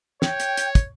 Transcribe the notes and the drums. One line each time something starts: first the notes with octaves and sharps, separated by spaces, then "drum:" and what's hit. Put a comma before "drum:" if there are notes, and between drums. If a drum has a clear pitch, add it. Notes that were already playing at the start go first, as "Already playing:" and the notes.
C#5 G5, drum: snare
drum: hi-hat
drum: hi-hat
drum: kick, hi-hat